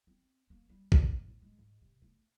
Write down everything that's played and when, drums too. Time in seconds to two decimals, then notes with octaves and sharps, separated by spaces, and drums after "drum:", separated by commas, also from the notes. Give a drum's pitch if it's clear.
0.07 C4
0.50 A#3
0.69 G3
0.92 E3, drum: kick
1.26 A2
1.42 G#3
1.58 G#2
1.82 C3
2.02 A3